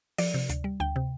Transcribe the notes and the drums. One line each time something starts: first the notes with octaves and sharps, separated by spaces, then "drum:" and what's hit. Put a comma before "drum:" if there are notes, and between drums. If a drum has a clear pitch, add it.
F3 D5, drum: open hi-hat
C3
D2, drum: hi-hat
G3
D2 G5
C3